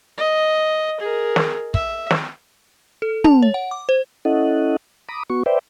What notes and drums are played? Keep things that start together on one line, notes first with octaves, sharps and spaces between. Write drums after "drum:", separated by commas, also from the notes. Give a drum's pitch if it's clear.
D#5
G#4 A#4
drum: snare
E5, drum: kick
drum: snare
A4
A5, drum: tom
C#5
F#5
D6
C5
C#4 E4 A4 D#5 F#5
A#5 B5 D6 D#6
B3 F#4 C#6
B4 C5 D5 E5 G5